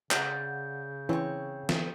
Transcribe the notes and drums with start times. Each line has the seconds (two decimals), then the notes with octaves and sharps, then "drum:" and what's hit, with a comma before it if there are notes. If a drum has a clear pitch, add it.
0.11 C#3 D5 F#5 G6, drum: clap
1.09 E3 C4 C#4 C#5
1.69 drum: snare